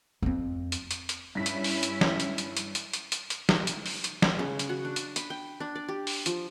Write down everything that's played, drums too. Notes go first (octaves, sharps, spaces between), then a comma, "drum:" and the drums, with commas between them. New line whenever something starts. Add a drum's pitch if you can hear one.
F2 C4
drum: hi-hat
drum: hi-hat
drum: hi-hat
G2 C#4 E4 B6
drum: hi-hat
drum: open hi-hat
drum: hi-hat
drum: snare
drum: hi-hat
drum: hi-hat
drum: hi-hat
drum: hi-hat
drum: hi-hat
drum: hi-hat
drum: hi-hat
drum: snare
drum: hi-hat
drum: open hi-hat
drum: hi-hat
B4, drum: snare
C#3
drum: hi-hat
F#4
D4
drum: hi-hat
B5, drum: hi-hat
G5
D4
D5
G4
drum: open hi-hat
F3, drum: hi-hat